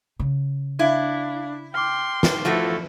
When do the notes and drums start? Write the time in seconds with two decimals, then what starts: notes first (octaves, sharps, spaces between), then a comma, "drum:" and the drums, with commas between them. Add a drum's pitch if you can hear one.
0.20 C#3
0.79 D4 E4 F5
1.74 G5 C6 D6 F6
2.23 drum: snare
2.45 F3 A3 E4 F#4 A4